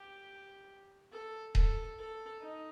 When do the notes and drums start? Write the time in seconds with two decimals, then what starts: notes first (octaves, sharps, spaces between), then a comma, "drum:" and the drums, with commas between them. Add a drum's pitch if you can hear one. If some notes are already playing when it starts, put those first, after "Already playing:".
Already playing: G4
1.12 A4
1.55 A4, drum: kick D#1
1.99 A4
2.41 D#4